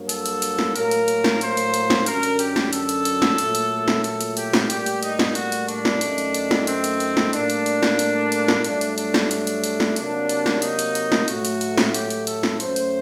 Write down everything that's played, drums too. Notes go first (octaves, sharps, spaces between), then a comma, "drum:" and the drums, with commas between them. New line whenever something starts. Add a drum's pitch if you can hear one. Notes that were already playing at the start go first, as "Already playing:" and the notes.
Already playing: G2 F#3 A#3
A4, drum: hi-hat
drum: hi-hat
drum: hi-hat
drum: snare
A2 F#3 A#3 A#4, drum: hi-hat
drum: hi-hat
drum: hi-hat
drum: snare
C5, drum: hi-hat
drum: hi-hat
drum: hi-hat
drum: snare
F#2 D3 F#3 A#4, drum: hi-hat
drum: hi-hat
G4, drum: hi-hat
drum: snare
A4, drum: hi-hat
drum: hi-hat
drum: hi-hat
drum: snare
A#2 F#3 A3, drum: hi-hat
drum: hi-hat
drum: snare
A4, drum: hi-hat
drum: hi-hat
G4, drum: hi-hat
drum: snare
A2 G3 A#3 G4, drum: hi-hat
drum: hi-hat
D#4, drum: hi-hat
drum: snare
F#4, drum: hi-hat
drum: hi-hat
D4, drum: hi-hat
drum: snare
F#2 D#3 A3, drum: hi-hat
drum: hi-hat
drum: hi-hat
drum: snare
C4, drum: hi-hat
drum: hi-hat
drum: hi-hat
drum: snare
A2 G3 A#3 D4, drum: hi-hat
drum: hi-hat
drum: hi-hat
drum: snare
drum: hi-hat
drum: hi-hat
drum: snare
G2 F#3 A3 D4, drum: hi-hat
drum: hi-hat
D4, drum: hi-hat
drum: snare
D4, drum: hi-hat
drum: hi-hat
drum: hi-hat
drum: snare
C3 F#3 A#3 D4, drum: hi-hat
drum: hi-hat
drum: snare
D#4, drum: hi-hat
drum: hi-hat
drum: hi-hat
drum: snare
A2 F#3 A3 F#4, drum: hi-hat
drum: hi-hat
drum: hi-hat
drum: snare
G4, drum: hi-hat
drum: hi-hat
A4, drum: hi-hat
drum: snare
F#2 F#3 A3 C5, drum: hi-hat
drum: hi-hat